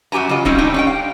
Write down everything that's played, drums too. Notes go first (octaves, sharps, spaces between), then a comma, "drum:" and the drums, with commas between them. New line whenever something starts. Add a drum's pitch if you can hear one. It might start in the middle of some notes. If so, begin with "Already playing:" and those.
F#2 F#4 G4 G#5 A#5
C#3 F4 D#5
G3 C4 C#4 D#4 G4, drum: kick
G3 D4 D#4 G4
C#4 D4 G5
F5